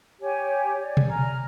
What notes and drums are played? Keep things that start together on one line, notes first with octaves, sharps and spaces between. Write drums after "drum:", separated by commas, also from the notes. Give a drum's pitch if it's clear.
G4 C#5 G#5
D5
drum: tom B2
G#5 A#5 F6